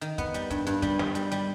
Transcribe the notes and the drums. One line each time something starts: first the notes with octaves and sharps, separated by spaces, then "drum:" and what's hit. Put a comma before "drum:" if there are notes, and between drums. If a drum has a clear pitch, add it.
D#3, drum: hi-hat
B3, drum: kick, hi-hat
G3, drum: hi-hat
G2, drum: kick, hi-hat
G2, drum: hi-hat
G3, drum: kick, hi-hat
G3, drum: snare
G3, drum: hi-hat
G3, drum: hi-hat